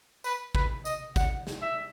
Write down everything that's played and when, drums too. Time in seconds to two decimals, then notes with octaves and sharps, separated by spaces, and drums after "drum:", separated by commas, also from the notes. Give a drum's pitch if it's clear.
0.24 B4, drum: tambourine
0.55 B4, drum: kick
0.85 D#5, drum: tambourine
1.16 F#5, drum: kick, tambourine
1.47 drum: snare
1.61 E5